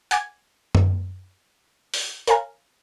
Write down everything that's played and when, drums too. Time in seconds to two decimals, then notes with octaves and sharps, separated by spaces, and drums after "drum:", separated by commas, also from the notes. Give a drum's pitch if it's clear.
0.11 F#5 G#5 D6 G#6, drum: hi-hat
0.75 drum: tom F#2
1.94 drum: open hi-hat
2.27 A#4 C#5 F5 G#5 A#5 F6, drum: hi-hat